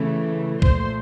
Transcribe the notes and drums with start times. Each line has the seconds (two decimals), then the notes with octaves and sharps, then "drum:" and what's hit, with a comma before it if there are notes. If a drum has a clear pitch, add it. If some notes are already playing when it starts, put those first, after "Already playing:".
Already playing: C#3 E3 A3
0.62 A#2 F3 A3 C5, drum: kick C2